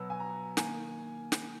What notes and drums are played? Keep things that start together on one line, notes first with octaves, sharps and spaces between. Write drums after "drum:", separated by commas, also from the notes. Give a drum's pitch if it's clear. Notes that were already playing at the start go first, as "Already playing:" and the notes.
Already playing: B2 F#3 B3 E6
G#5
A#5
D#3 A#3 G#5, drum: snare
drum: snare